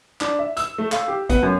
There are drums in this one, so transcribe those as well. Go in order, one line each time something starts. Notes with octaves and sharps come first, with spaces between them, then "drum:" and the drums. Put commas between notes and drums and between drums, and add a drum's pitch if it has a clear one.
D4, drum: clap
E5
E6, drum: hi-hat
A3
F5, drum: clap
G4
B3, drum: kick, hi-hat
F#2